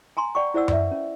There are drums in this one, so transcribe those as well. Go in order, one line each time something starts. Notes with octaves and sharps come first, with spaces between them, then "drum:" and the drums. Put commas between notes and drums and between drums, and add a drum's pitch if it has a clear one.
G#5 A#5 C6
D5 F#5 G5 C#6
E4 C5 D5 F#5 E6
B4 D5 E5, drum: tom F#2
C#4